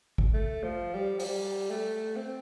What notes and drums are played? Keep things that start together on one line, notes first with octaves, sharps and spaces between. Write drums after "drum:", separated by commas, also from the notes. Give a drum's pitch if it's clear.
drum: kick G#1
A3
F3
G3
F3, drum: open hi-hat
G3
A3
C4